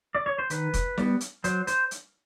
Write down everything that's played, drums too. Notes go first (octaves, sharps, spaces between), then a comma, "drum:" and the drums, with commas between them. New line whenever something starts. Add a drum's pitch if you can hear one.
D5
C#5
C5
D#3 B4, drum: hi-hat
drum: kick, hi-hat
G3 B3, drum: snare
drum: hi-hat
F#3 C5, drum: hi-hat
C5, drum: hi-hat
drum: hi-hat